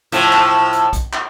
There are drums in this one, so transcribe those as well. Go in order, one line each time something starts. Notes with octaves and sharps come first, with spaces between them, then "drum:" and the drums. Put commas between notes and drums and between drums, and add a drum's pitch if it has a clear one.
A2 F3, drum: hi-hat
drum: clap
drum: hi-hat
drum: kick, hi-hat
drum: clap